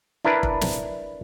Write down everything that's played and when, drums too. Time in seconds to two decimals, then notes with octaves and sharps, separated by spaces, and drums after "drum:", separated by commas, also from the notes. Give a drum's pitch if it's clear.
0.25 D4 E4 A#4 B4
0.43 drum: kick
0.62 drum: snare